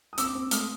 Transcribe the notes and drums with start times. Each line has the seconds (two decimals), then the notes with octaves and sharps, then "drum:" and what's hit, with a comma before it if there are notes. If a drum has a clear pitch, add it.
0.13 D#6
0.18 C4 D6 E6, drum: hi-hat
0.35 C4
0.51 A3 D#6 F6, drum: hi-hat